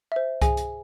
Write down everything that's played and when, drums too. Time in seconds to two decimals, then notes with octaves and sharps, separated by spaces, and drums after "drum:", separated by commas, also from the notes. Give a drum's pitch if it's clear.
0.12 C5 E5
0.42 G#4 G#5, drum: kick C2, hi-hat
0.57 drum: hi-hat